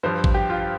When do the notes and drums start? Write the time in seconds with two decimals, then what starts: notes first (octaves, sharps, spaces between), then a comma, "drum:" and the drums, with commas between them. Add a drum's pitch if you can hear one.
0.03 G2 F3 C5
0.24 drum: kick
0.34 G4
0.50 F4